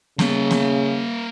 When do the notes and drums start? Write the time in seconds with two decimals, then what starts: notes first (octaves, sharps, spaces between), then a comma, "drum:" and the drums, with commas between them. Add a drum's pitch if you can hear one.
0.19 C#3 A#3 E5, drum: snare B3
0.51 drum: snare B3